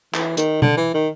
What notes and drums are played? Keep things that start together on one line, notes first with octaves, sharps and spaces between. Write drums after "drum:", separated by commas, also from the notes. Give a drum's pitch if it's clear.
E3, drum: clap
D#3, drum: hi-hat
D3, drum: tom B2
E3
D#3